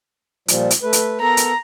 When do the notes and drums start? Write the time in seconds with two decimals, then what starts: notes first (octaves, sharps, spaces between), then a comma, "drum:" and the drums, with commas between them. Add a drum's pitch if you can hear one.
0.48 A#2 F3 G3, drum: hi-hat
0.70 drum: hi-hat
0.83 A3 B4
0.93 drum: hi-hat
1.21 B3 A4 A#4 A#5
1.37 drum: hi-hat